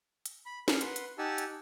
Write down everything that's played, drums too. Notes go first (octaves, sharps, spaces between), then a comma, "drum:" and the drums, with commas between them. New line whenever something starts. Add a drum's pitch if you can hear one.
drum: hi-hat
B5
A#4, drum: snare
B4 F#5 C6, drum: hi-hat
drum: hi-hat
D#4 G4 F#5 G#5 A5 E6
drum: hi-hat